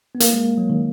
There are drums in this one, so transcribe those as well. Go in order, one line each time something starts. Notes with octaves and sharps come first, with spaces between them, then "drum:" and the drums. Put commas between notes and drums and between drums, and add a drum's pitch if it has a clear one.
B3
A#3, drum: hi-hat
G#3
F#3
D#3